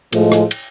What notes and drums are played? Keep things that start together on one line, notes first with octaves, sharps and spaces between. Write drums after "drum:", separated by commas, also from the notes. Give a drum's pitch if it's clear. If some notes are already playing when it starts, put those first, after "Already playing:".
A2 F3 G#3, drum: cymbal
drum: rim click
drum: cymbal